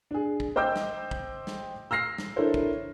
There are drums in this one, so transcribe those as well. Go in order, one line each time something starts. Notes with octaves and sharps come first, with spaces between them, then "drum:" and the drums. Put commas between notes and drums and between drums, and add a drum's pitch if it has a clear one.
D4 G#4
drum: kick
C5 D#5 G5 D6 E6 G6
drum: snare
drum: kick
drum: snare
E6 F6 A#6 C7 F7
drum: snare
D4 E4 A4 A#4 C5 C#5
drum: kick